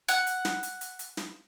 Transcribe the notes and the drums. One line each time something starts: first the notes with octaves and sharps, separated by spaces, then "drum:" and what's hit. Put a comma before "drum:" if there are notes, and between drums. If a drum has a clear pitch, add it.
F#5, drum: hi-hat
drum: hi-hat
drum: snare
drum: hi-hat
drum: hi-hat
drum: hi-hat
drum: snare